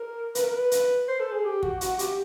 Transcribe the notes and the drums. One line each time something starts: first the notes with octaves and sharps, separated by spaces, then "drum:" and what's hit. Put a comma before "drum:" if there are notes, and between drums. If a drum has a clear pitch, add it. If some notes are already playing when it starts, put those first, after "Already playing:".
Already playing: A#4
B4, drum: hi-hat
A#4
B4
drum: hi-hat
C5
A4
G#4
G4
F#4, drum: kick
F#4, drum: hi-hat
G4, drum: hi-hat